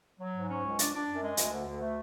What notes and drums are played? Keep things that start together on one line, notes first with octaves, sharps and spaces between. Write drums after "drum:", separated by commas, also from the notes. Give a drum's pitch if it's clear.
F#3
G#2
C#4
C#2
D4, drum: hi-hat
D4
F#2
G#3
D2, drum: hi-hat
D3
D2
A3